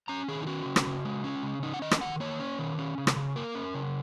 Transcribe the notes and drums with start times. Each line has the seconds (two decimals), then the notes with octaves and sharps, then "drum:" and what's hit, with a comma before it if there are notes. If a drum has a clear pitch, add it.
0.08 C#4 A#5
0.28 D#3 G#4
0.43 D#4
0.47 C#4 F#4
0.66 C#3
0.76 drum: rim click
0.86 C#3
1.05 G#3
1.24 C#4
1.43 C#3
1.63 C#4 D#4
1.74 F#5
1.82 D#3 D#5
1.91 drum: rim click
2.01 D#3 F#5
2.20 A#3 C#5
2.40 C#4
2.59 D#3
2.78 C#4
2.98 C#3
3.07 drum: rim click
3.16 C#3
3.36 A#3 A#4
3.55 C#4
3.74 C#3